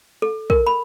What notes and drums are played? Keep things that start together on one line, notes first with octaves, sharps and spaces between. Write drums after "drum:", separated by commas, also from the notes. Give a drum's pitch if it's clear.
A4
A#4, drum: kick
B5